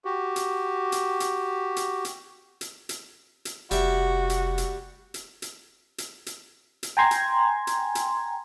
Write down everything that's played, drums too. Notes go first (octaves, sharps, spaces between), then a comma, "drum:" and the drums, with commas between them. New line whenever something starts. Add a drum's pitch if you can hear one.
F#4 G4
drum: hi-hat
drum: hi-hat
drum: hi-hat
drum: hi-hat
drum: hi-hat
drum: hi-hat
drum: hi-hat
drum: hi-hat
F1 G3 F#4 E5, drum: hi-hat
drum: hi-hat
drum: hi-hat
drum: hi-hat
drum: hi-hat
drum: hi-hat
drum: hi-hat
drum: hi-hat
G5 G#5 A#5 C6 G#6
drum: hi-hat
drum: hi-hat
drum: hi-hat